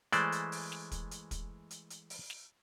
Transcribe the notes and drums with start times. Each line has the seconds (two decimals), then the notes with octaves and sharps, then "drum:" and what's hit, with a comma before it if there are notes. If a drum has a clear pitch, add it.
0.12 E3 G#3 A3 C5 D5, drum: hi-hat
0.32 drum: hi-hat
0.52 drum: open hi-hat
0.72 drum: snare
0.92 drum: kick, hi-hat
1.11 drum: hi-hat
1.31 drum: kick, hi-hat
1.71 drum: hi-hat
1.90 drum: hi-hat
2.10 drum: open hi-hat
2.30 drum: snare